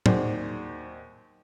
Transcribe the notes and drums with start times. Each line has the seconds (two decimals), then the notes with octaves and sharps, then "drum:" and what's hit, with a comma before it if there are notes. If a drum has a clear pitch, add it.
0.06 D#2 D#3 F#4 G#4 C5 D5, drum: tom A2